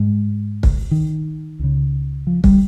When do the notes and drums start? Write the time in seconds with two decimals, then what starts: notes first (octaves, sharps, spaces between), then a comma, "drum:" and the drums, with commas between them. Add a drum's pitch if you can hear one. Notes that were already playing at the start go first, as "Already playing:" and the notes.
Already playing: G#2 G#3
0.63 drum: kick
0.91 D#3
1.59 C#2 C#3
2.27 F3
2.44 G3, drum: kick